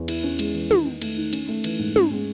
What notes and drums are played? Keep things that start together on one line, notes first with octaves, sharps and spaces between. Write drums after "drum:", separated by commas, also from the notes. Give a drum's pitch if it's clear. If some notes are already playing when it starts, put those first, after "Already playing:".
Already playing: E2
E4, drum: cymbal
C#4
G#3, drum: cymbal
E3
D#3, drum: tom
D#4
A3, drum: cymbal
D#3
C#4, drum: cymbal
A3
E3, drum: cymbal
G#2
C#4, drum: tom
G#3